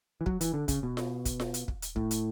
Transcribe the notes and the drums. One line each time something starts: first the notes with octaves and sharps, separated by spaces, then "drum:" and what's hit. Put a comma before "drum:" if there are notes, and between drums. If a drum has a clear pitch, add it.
E3
F#3, drum: kick
E3, drum: hi-hat
D3
C#3, drum: kick, hi-hat
B2
drum: snare F4
drum: kick, hi-hat
drum: snare F4
drum: hi-hat
drum: kick
drum: hi-hat
A2, drum: kick
drum: hi-hat